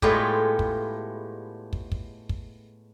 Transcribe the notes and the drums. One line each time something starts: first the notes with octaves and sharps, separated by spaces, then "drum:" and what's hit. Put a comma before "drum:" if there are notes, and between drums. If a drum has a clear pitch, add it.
A2 G#3 A3 B3 F4 G4, drum: kick
drum: kick
drum: kick
drum: kick
drum: kick